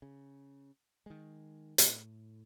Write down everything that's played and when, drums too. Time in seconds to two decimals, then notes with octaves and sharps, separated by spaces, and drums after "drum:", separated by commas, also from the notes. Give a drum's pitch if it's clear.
0.02 C#3
1.06 D#3 G#3
1.78 A2, drum: hi-hat